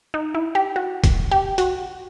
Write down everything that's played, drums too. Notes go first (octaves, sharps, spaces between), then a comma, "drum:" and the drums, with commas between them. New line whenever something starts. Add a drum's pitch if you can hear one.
D#4
E4
G4
F#4
drum: kick D#1, hi-hat
G4
F#4, drum: hi-hat